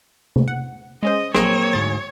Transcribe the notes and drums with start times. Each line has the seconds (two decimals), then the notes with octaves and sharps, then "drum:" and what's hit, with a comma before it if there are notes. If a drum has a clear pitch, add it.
0.36 drum: tom C3
0.48 F#5
1.03 G#3 C#4 C5 D#5
1.35 A#1 F#3 A#3 C4 G#4 C#5, drum: rim click
1.73 D2 G#2 A6